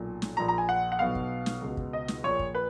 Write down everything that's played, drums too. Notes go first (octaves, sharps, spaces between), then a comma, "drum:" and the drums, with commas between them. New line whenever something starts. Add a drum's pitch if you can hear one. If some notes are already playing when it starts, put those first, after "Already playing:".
Already playing: B1 A#2
drum: snare
A#1 A#2 A#5
A#5
G#5
F#5
F#5
B1 B2 F5
drum: kick
drum: snare
C#2 B2
drum: kick
D#5
drum: snare
A#1 A#2 C#5
drum: kick
B4